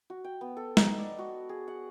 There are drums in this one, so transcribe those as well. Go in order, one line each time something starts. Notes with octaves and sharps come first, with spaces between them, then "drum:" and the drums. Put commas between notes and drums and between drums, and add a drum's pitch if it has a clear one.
F#4
G5
B3
A4
D#4, drum: snare
D5
F#4
G#4
F#5